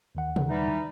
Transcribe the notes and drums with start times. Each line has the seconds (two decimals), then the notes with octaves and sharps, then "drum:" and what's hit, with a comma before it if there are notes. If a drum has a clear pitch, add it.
0.15 D#2 D#3 F#5
0.36 drum: tom B2
0.49 E3 G3 D#4